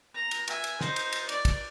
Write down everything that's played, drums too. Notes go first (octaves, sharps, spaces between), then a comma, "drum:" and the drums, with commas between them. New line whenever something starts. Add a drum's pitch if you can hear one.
A#5
drum: cymbal
E5 G#5, drum: cymbal
drum: cymbal
D#4 C5, drum: snare
drum: cymbal
drum: cymbal
D5, drum: cymbal
drum: kick, cymbal